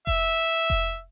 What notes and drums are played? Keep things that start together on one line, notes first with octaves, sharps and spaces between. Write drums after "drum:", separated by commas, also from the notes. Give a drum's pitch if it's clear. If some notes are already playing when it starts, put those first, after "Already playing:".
E5, drum: kick F1
drum: kick F1